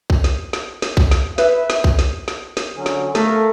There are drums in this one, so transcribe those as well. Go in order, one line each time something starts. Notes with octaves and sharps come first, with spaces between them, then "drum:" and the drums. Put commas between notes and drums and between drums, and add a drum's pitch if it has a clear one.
drum: kick B1
drum: snare
drum: snare
drum: snare
drum: kick B1
drum: snare
B4 E5, drum: snare
drum: snare
drum: kick B1
drum: snare
drum: snare
drum: snare
D3 F#3 C#4
drum: snare
A3 A4 A#4 F5, drum: snare